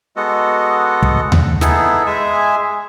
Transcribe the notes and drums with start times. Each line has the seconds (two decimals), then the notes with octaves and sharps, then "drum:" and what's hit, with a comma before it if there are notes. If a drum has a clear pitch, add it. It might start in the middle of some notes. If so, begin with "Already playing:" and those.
0.16 G#3 B3 F#4 A4 D#5 F#5
1.02 drum: kick
1.32 drum: tom D#2
1.61 B3 D#4 E4 G#4 A4, drum: snare
2.06 G#3 G#4 E5 G#5